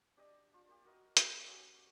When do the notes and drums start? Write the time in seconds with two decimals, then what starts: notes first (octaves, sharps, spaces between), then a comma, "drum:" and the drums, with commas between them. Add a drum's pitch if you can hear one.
0.17 D4 G4 D5 D#5
0.53 D4 F4
0.68 A#3 G4
0.85 F#4 A#4 D#5 D#6
1.17 G4 D#5, drum: hi-hat
1.47 F#3 C#4 G4